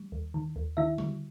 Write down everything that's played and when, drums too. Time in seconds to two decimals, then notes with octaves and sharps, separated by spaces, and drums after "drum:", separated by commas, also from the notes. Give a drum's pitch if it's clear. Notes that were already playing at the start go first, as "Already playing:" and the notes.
Already playing: G3
0.12 D#2
0.34 D#3
0.56 D#2
0.77 D#3 E4 E5
0.98 G3, drum: tom D3